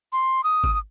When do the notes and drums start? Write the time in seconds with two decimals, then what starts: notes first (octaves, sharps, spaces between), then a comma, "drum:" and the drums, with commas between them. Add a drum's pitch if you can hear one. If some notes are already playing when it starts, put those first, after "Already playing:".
0.13 C6
0.44 D#6
0.64 drum: kick G#1
0.73 D#6